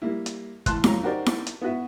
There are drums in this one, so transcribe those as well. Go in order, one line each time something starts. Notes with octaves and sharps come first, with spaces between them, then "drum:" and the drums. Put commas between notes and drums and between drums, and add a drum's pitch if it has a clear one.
G3 A#3 E4
drum: hi-hat
E2 A5 C6 F#6, drum: kick, hi-hat
F2 F#3 A#5, drum: snare E4
D#4 F#4 G4 A#4 C5 D5
drum: snare E4
drum: hi-hat
B3 E4 F#4 B4 E5